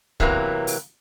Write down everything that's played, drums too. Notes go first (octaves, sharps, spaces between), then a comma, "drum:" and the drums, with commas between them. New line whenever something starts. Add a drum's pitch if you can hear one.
C3 E3 F#3 A#3 B3, drum: kick
drum: open hi-hat